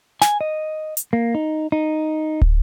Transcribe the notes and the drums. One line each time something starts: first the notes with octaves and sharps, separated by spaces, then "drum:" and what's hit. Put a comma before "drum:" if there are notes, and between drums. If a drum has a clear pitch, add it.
G#5, drum: snare
D#5
drum: hi-hat
A#3
D#4
D#4
drum: kick